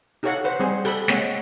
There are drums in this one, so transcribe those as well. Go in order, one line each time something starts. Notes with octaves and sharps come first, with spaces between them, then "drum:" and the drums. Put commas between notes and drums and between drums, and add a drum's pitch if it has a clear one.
D#4 G4 A4 C#5 F5 F#5
B4 C5 F#5
G3 C4 G#4 C5
G4 A4 B5, drum: open hi-hat
G#3 A#3 C4 C#5 F#5, drum: snare